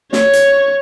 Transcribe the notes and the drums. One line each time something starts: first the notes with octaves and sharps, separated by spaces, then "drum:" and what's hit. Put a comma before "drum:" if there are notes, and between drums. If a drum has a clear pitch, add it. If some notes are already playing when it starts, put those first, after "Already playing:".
C#5, drum: snare
drum: hi-hat